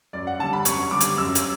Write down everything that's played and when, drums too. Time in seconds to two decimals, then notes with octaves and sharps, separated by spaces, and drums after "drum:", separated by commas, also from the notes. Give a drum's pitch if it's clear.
0.13 F#2 D5
0.27 F#5
0.39 D3 G3 A5
0.53 B5
0.65 F#2 C#6, drum: hi-hat
0.91 D3 G3 D6
1.00 drum: hi-hat
1.17 F#2 E6
1.35 drum: hi-hat